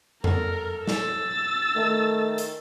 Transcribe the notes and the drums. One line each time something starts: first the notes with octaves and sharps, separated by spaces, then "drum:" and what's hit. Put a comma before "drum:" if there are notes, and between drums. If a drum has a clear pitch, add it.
A4 A#4, drum: tom F2
E6 A6, drum: snare
D#3 A3
drum: hi-hat